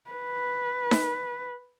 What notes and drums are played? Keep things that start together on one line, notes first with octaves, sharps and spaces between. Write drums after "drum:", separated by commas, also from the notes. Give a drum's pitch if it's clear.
B4
drum: snare D#4